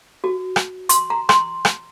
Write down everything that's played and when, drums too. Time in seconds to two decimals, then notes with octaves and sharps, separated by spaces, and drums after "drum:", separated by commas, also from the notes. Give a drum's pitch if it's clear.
0.24 F#4
0.56 drum: rim click
0.89 C6, drum: hi-hat
1.10 A#5
1.29 C6, drum: rim click
1.65 drum: rim click